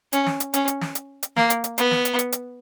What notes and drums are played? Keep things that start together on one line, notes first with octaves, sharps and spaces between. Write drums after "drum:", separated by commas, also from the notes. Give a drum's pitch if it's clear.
C#4, drum: hi-hat
drum: snare
drum: hi-hat
C#4, drum: hi-hat
drum: hi-hat
drum: snare
drum: hi-hat
drum: hi-hat
A#3, drum: snare
drum: hi-hat
drum: hi-hat
B3, drum: hi-hat
drum: snare
drum: hi-hat
drum: hi-hat
drum: hi-hat